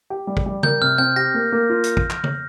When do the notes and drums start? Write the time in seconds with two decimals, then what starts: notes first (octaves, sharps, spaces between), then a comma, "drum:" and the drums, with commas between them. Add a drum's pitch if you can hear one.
0.10 G4
0.27 G3
0.37 drum: kick
0.46 G3
0.63 A#4 G6, drum: tom
0.81 C3 F6
0.98 C4 G6
1.16 G4 A#6
1.34 A#3
1.52 A#3
1.70 F4
1.84 drum: hi-hat
1.97 drum: kick
2.10 drum: clap
2.24 drum: tom